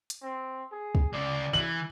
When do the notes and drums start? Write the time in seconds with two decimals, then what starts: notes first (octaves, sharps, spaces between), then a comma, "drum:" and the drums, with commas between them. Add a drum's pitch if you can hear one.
0.10 drum: hi-hat
0.22 C4
0.71 G#4
0.95 drum: kick
1.13 C#3 F4 D5
1.53 E3 F#7